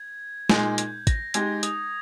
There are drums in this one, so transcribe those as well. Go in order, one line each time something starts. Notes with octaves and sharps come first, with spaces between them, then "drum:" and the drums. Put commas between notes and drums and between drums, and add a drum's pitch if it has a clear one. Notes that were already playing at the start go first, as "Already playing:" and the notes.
Already playing: G#6
A#2 G#3 D#4 G#4 G6, drum: snare
G#6, drum: hi-hat
A#6, drum: kick, hi-hat
G#3 D#4 G4 G#6, drum: hi-hat
D#6, drum: hi-hat